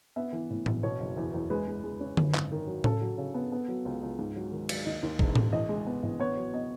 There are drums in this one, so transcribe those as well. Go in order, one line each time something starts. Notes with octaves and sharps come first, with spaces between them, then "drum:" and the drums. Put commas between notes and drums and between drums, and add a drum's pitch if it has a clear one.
B3 E5
E3
A2
A1, drum: tom A2
B2 C#5
F#1
E2
E2
G#3 B4
G#3
G#3
C#4
F#2, drum: tom D3
G#1, drum: clap
D#3
F#3
C#3 A4, drum: tom A2
F#3
C#3
B3
B3
F#3
C#2
C#2
G#2
F#3
D#3
F#3, drum: cymbal
D#2 D#5
D#2
E1, drum: kick
E1, drum: tom A2
A1 D#5
G#3
B3
A1
B3 C#5
F#3
B3 D#5